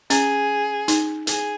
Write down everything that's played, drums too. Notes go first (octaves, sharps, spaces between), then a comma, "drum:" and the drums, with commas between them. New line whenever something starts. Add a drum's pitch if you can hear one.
C#4 G#4, drum: hi-hat
D#4, drum: hi-hat
G#4, drum: hi-hat